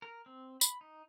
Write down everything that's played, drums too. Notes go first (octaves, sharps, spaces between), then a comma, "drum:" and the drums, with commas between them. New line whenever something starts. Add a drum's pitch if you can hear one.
A#4
C4
B5, drum: tambourine
D#4